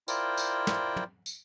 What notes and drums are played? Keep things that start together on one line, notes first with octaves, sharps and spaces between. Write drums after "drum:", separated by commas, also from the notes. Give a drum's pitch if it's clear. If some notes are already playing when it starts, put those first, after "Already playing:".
E4 F4 A#4 C5 D5 G5, drum: tambourine
drum: tambourine
drum: snare
drum: tom
drum: tambourine